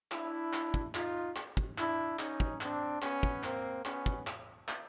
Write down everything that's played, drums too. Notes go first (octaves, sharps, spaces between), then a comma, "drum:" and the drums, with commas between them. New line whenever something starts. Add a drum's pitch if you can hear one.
D4 E4, drum: clap
drum: clap
drum: kick
D#4 F4, drum: clap
drum: clap
drum: kick
D4 E4, drum: clap
C#4 D#4, drum: clap
drum: kick
C4 D4, drum: clap
B3 C#4, drum: clap
drum: kick
A#3 C4, drum: clap
B3 C#4, drum: clap
drum: kick
drum: clap
drum: clap